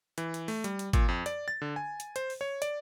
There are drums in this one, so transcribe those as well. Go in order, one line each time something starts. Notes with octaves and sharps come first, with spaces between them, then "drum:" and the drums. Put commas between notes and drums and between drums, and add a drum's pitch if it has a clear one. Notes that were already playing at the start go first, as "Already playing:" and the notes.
E3, drum: hi-hat
drum: hi-hat
A3, drum: open hi-hat
G3, drum: hi-hat
drum: hi-hat
A#2, drum: kick G#1, hi-hat
F2
D5, drum: hi-hat
A6
D3
G#5
drum: hi-hat
C5, drum: hi-hat
drum: open hi-hat
C#5
D5, drum: hi-hat